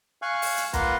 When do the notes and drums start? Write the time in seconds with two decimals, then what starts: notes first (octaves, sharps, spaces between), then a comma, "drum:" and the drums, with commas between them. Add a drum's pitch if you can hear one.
0.22 F5 G#5 C#6 F#6
0.42 drum: open hi-hat
0.58 drum: hi-hat
0.73 A#3 F4 B4 F#5 A#5 C6, drum: kick, hi-hat